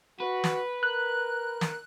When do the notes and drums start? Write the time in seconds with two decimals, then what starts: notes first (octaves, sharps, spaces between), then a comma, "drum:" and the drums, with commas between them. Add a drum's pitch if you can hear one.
0.20 F#4 B4
0.44 drum: snare
0.83 A#4 F#6
1.61 drum: snare